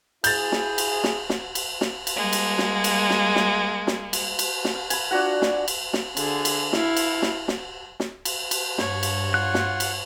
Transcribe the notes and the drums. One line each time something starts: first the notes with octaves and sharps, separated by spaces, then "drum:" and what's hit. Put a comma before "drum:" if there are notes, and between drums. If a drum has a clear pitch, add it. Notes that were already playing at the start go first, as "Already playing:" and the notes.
E4 G#4 G6 A6, drum: cymbal
drum: snare
drum: cymbal
drum: snare
drum: snare
drum: cymbal
drum: snare
drum: cymbal
G3 G#3 A#3
drum: cymbal
drum: snare
drum: cymbal
drum: snare
drum: snare
drum: snare
drum: cymbal
drum: cymbal
drum: snare
F5
G#5 B5, drum: cymbal
D4 F4 F#4 F#5
drum: snare
drum: cymbal
drum: snare
D3 G#4, drum: cymbal
drum: cymbal
E4 F5, drum: snare
drum: cymbal
drum: snare
drum: snare
drum: snare
drum: cymbal
drum: cymbal
G2 C#5, drum: snare
drum: cymbal
F4 F#5 C6 F#6
drum: snare
drum: cymbal